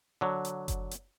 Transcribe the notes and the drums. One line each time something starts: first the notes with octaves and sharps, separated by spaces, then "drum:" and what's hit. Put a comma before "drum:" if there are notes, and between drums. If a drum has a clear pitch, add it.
D3 F#3
drum: hi-hat
drum: kick F#1, hi-hat
drum: hi-hat